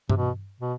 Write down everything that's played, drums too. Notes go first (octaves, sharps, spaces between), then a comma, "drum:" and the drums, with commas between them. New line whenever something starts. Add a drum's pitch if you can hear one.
C3, drum: tom G2
B2
B2